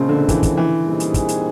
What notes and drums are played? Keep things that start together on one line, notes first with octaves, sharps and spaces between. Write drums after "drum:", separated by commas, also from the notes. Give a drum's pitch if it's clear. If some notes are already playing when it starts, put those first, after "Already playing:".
Already playing: A#1 A#2 C#3 F3 G#3 C4
D3
E3, drum: kick, hi-hat
drum: kick, hi-hat
E3
A#2 G3 C4 D#4 G#4
drum: hi-hat
drum: kick, hi-hat
drum: hi-hat